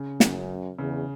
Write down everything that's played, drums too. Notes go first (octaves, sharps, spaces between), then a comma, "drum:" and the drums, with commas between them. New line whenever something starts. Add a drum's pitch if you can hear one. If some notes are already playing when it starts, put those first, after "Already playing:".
Already playing: C#3
F#2, drum: snare
E2 C#3